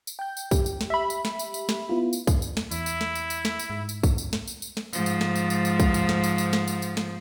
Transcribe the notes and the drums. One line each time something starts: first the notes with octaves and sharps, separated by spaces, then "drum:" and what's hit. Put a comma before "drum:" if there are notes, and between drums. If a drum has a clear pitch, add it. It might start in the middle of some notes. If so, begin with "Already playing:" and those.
drum: tambourine
G5 G6
drum: tambourine
G4, drum: kick, tambourine
drum: tambourine
drum: snare
E5 B5
drum: tambourine
drum: snare
drum: tambourine
drum: tambourine
drum: snare
B3 E4 F4
drum: tambourine
drum: kick, tambourine
drum: tambourine
drum: snare
E2 E4, drum: tambourine
drum: tambourine
drum: snare
drum: tambourine
drum: tambourine
drum: snare
drum: tambourine
G#2
drum: tambourine
drum: kick, tambourine
drum: tambourine
drum: snare
drum: tambourine
drum: tambourine
drum: snare
G#2 F3, drum: tambourine
drum: tambourine
drum: snare
drum: tambourine
drum: tambourine
drum: tambourine
drum: kick, tambourine
drum: tambourine
drum: snare
drum: tambourine
drum: tambourine
drum: snare
drum: tambourine
drum: tambourine
drum: snare